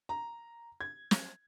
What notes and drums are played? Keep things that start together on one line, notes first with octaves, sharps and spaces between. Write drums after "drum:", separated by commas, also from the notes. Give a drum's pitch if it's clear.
A#5
G#6
drum: snare